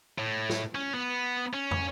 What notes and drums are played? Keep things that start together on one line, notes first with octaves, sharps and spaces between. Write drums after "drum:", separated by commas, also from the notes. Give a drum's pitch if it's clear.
A2
drum: snare
C#4
B3
C#4
drum: tom